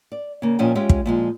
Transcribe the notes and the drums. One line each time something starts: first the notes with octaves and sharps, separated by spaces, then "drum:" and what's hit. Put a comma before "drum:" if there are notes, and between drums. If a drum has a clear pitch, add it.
D5
C#3 A#3
A#2 F3 C#4 D#5 G5
G#3 C#4 F4 G4 E5
drum: kick
A#2 F3 G#3